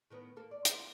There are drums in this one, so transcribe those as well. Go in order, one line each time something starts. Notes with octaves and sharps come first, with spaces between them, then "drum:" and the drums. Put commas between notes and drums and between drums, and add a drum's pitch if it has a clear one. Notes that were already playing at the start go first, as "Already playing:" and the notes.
A2 D#3 B3
A#3 A4
D5
F4, drum: hi-hat